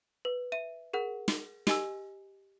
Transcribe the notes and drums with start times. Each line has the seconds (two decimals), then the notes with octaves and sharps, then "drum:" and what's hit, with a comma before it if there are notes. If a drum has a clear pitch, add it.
0.25 B4
0.52 E5 D#7
0.93 G#4 A#4 F#5
1.28 drum: snare
1.67 G4 D#5 G#5 E6, drum: snare